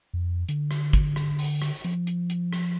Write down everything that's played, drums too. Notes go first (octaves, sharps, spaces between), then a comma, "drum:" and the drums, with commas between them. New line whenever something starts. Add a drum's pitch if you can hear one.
F2
D3, drum: hi-hat
drum: rim click
drum: kick, hi-hat
drum: rim click
drum: open hi-hat
drum: rim click
F3, drum: hi-hat
drum: hi-hat
drum: hi-hat
drum: rim click